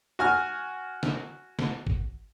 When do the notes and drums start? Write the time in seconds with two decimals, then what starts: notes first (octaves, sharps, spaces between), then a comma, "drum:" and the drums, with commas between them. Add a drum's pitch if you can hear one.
0.19 F#4 G#5 F6
1.03 drum: snare
1.59 drum: snare
1.87 drum: kick